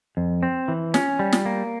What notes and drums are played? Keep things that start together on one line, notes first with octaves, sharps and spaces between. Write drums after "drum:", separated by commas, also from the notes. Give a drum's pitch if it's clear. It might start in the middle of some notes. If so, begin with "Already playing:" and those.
F2
C4
E3
C#4, drum: snare
G3
drum: snare
A#3